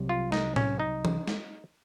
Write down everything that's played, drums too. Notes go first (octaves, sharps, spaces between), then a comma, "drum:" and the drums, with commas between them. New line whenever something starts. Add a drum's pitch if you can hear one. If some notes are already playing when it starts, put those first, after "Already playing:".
Already playing: C2 C3 F#3
F4
D#4, drum: snare
C#4, drum: tom A2
D#4
drum: tom E3
drum: snare